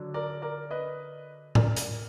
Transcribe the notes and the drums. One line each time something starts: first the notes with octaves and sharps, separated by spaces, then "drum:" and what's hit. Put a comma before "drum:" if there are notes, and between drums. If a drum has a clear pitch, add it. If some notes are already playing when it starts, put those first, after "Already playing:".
Already playing: D3 F#3 D4
A#4 D5
A#4 D5
B4 D#5
A#4 D5, drum: tom A2
drum: hi-hat